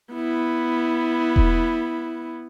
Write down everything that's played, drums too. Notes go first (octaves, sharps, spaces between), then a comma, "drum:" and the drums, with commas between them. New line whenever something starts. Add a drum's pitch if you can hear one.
B3 E4
drum: kick E1